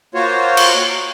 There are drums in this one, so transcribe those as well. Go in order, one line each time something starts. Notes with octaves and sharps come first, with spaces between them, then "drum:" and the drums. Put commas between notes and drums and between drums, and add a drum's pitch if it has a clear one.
A#3 F4 F#4 C5 C#5
drum: cymbal